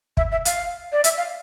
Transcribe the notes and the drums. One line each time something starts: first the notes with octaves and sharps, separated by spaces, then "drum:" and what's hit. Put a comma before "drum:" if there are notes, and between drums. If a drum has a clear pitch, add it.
E5, drum: kick
E5
F5, drum: hi-hat
D5
E5, drum: hi-hat
F5